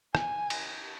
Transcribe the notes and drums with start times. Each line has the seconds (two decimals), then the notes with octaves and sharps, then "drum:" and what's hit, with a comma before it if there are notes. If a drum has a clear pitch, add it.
0.15 G#5, drum: rim click
0.50 drum: cymbal